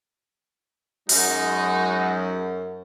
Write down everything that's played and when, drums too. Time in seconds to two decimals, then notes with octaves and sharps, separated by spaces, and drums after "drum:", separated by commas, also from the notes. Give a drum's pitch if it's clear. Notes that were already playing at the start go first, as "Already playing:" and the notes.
1.09 F#2 F#3 G#3 D#4 F#4, drum: open hi-hat